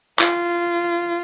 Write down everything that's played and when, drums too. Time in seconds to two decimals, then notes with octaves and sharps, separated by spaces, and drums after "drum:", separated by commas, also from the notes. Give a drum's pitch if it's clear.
0.19 F4, drum: clap